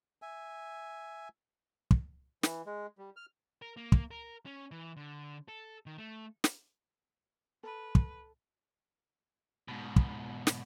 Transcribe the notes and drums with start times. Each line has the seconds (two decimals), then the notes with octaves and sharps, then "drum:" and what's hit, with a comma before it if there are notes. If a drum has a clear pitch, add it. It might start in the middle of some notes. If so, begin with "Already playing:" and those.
0.22 E5 G#5
1.91 drum: kick
2.43 E3, drum: snare
2.66 G#3
2.98 G3
3.16 F6
3.62 A#4
3.77 A#3
3.92 drum: kick
4.11 A#4
4.46 C#4
4.71 E3
4.97 D3
5.48 A4
5.86 D#3
5.98 A3
6.44 drum: snare
7.63 A4 B4
7.95 drum: kick
9.68 G#2 B2
9.96 drum: kick
10.47 drum: snare